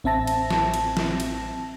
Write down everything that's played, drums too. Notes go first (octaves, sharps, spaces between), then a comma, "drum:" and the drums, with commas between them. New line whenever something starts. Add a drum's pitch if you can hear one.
A1 C4 E5 A5 A#6
drum: cymbal
drum: snare
drum: cymbal
drum: snare
drum: cymbal